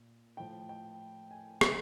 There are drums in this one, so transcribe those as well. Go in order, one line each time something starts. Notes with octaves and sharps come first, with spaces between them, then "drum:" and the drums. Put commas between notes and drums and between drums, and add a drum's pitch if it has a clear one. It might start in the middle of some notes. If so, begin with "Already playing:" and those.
Already playing: A#2
A2 F3 G5
G5
G#5
B2 G#5, drum: rim click